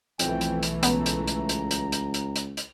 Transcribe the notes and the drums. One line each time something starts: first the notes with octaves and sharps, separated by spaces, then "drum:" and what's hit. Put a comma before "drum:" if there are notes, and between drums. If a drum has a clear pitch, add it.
B1 F2 E3 A3 G5, drum: hi-hat
drum: hi-hat
drum: hi-hat
C#2 B3 A#5, drum: hi-hat
drum: hi-hat
drum: hi-hat
drum: hi-hat
drum: hi-hat
drum: hi-hat
drum: hi-hat
drum: hi-hat
drum: hi-hat